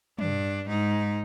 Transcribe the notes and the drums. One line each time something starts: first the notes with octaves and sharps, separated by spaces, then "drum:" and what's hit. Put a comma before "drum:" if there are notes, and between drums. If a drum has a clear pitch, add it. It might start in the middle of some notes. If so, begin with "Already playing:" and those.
G2 D4, drum: tom
G#2 D#4